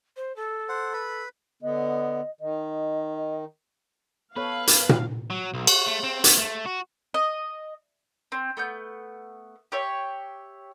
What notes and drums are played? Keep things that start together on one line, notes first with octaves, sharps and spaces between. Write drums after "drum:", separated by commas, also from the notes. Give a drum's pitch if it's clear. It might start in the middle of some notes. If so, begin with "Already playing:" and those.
C5
A4
C5 F#5
B4 B5
D3 B3 D#5
D#3 D#5
B3 A4 B4 C#5 F5
drum: hi-hat
drum: tom A#2
F#3
B1
F#4, drum: cymbal
A3
C4
B3, drum: hi-hat
A3
F#4
D#5
C4
A3 B3 G6
G4 C#5 E5